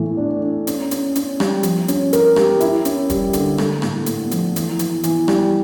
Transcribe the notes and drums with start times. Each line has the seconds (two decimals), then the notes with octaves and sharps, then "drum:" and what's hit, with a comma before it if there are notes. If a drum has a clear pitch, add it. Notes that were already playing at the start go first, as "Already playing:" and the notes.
Already playing: A2 E3
0.17 D4
0.43 D4
0.67 C#4, drum: hi-hat
0.91 C#4, drum: hi-hat
1.15 C#4, drum: hi-hat
1.40 G3, drum: rim click
1.63 F3, drum: hi-hat
1.88 C#4, drum: hi-hat
2.13 A#4, drum: hi-hat
2.36 G4, drum: rim click
2.60 E4, drum: hi-hat
2.85 C#4, drum: hi-hat
3.10 G3, drum: kick E1, hi-hat
3.33 D3, drum: hi-hat
3.58 A3, drum: rim click
3.82 A2, drum: rim click
4.06 A2, drum: hi-hat
4.31 F3, drum: hi-hat
4.56 E3, drum: hi-hat
4.79 E3, drum: hi-hat
5.04 E3, drum: hi-hat
5.28 G3, drum: rim click